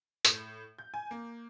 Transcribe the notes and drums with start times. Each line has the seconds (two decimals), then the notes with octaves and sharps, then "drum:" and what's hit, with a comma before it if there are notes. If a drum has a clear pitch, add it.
0.25 A2, drum: hi-hat
0.79 G6
0.94 G#5
1.11 A#3